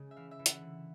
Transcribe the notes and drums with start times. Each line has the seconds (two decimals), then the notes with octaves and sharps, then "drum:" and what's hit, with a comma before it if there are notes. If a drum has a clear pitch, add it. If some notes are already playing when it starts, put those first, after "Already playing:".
Already playing: C#3 G#3
0.11 E5
0.16 E3 F5
0.31 E5
0.39 E3
0.46 F#5, drum: hi-hat
0.61 D3